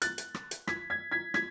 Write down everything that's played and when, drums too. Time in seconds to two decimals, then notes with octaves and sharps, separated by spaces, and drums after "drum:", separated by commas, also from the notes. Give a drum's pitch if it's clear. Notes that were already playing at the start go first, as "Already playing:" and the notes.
0.02 F#6 A6, drum: hi-hat
0.18 drum: hi-hat
0.34 drum: rim click
0.51 drum: hi-hat
0.68 G#6 B6, drum: rim click
0.90 G#6 B6
1.12 G#6 B6
1.34 G#6 B6, drum: rim click